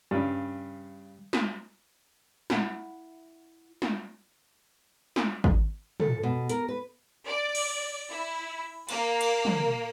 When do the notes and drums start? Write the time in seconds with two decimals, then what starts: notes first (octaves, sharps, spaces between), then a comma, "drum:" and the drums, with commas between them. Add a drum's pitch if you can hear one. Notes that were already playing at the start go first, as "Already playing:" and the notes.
0.11 G2 C#3 G3
1.33 drum: snare
2.50 E4 F#5, drum: snare
3.82 drum: snare
5.16 drum: snare
5.44 drum: kick
6.00 A4, drum: tom
6.23 B2
6.49 A#4, drum: hi-hat
6.68 B4
7.26 D5
7.55 drum: cymbal
8.10 E4
8.89 A#3, drum: cymbal
9.21 drum: cymbal
9.45 drum: tom